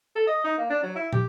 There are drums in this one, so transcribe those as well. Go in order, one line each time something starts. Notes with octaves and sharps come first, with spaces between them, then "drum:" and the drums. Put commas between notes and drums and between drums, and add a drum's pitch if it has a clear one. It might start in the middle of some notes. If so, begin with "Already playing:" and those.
A4
D#5
D#4
A#3
D4
F#3
E4
G4, drum: tom